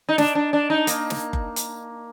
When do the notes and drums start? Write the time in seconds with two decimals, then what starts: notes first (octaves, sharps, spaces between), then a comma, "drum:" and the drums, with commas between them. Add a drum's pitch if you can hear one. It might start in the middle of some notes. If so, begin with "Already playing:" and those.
0.09 D#4
0.18 D4, drum: snare
0.35 D4
0.53 D4
0.70 D#4
0.87 A#3, drum: hi-hat
1.10 drum: snare
1.33 drum: kick F#1
1.56 drum: hi-hat